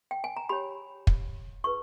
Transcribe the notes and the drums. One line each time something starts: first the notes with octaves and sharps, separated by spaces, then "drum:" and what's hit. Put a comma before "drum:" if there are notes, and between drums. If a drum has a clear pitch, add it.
G5
G#5
A#5
G4 C#5 B5
drum: kick
E4 G#4 B4 C#6